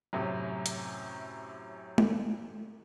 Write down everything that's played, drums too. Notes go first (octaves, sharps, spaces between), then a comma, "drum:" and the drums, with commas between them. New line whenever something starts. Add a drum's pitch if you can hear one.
F#2 A2 C3 F#3
drum: hi-hat
drum: tom G#3